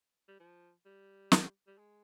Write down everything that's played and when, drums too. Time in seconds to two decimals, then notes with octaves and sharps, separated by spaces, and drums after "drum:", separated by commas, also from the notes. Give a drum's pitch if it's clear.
0.28 G3
0.40 F3
0.85 G3
1.32 drum: snare
1.67 G3
1.78 G#3